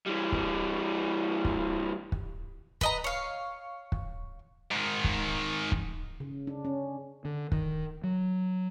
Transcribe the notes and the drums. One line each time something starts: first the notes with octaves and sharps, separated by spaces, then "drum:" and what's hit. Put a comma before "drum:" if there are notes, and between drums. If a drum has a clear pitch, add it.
E3 G3
drum: kick
drum: kick
drum: kick
B4 D#5 A#5, drum: kick
C#5 F5
drum: kick
G#2 D#3
drum: kick
drum: kick
C#3
D4
C#4
D3
D#3, drum: kick
F#3